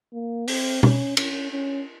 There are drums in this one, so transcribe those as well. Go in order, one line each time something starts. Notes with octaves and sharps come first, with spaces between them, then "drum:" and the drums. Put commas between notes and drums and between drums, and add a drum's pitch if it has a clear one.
A#3
C4, drum: open hi-hat
C#4, drum: tom B2
C#4, drum: cymbal
C#4